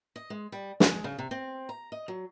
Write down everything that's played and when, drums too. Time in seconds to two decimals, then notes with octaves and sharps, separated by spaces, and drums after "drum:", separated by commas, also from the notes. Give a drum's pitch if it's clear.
0.16 D#5
0.30 G#3
0.52 G3
0.80 G#3, drum: snare
1.04 C#3
1.18 C3
1.31 C4
1.69 A#5
1.92 D#5
2.08 F#3